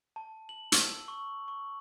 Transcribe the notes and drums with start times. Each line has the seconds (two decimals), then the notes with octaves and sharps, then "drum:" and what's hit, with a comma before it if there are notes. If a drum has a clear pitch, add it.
0.16 A5
0.49 F#7
0.72 E6, drum: hi-hat
1.08 C#6
1.48 C#6